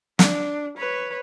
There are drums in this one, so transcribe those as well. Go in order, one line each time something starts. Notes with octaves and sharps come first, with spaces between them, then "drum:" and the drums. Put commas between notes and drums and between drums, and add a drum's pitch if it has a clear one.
D4, drum: snare
B4 C#5